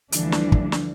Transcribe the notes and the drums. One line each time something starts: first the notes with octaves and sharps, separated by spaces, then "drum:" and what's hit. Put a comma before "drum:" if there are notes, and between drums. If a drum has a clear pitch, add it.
D2 D3 E3 F3 G3 D4, drum: hi-hat
drum: snare
drum: kick
drum: snare